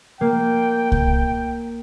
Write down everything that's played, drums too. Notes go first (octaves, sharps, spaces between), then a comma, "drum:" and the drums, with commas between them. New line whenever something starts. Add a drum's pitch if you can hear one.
A#3 G5
drum: kick C2